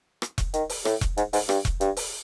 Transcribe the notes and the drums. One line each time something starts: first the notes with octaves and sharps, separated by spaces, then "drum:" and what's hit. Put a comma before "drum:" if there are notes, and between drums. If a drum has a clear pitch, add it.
drum: rim click
drum: kick E1, hi-hat
D#3, drum: hi-hat
drum: open hi-hat
A2, drum: rim click
drum: kick E1, hi-hat
G#2, drum: hi-hat
G#2, drum: open hi-hat
G2, drum: rim click
drum: kick E1, hi-hat
G2, drum: hi-hat
drum: open hi-hat